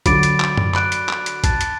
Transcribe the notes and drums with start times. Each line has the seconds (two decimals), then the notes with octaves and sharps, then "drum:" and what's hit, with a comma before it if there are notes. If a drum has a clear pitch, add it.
0.06 D3 F#3 B5 D6 A6 D7, drum: kick, hi-hat
0.23 drum: hi-hat
0.40 drum: clap
0.57 drum: tom F#2
0.75 B5 F#6 D7, drum: clap
0.92 drum: hi-hat
1.09 drum: clap
1.26 drum: hi-hat
1.44 A5 F#6 A6, drum: kick, hi-hat
1.61 drum: hi-hat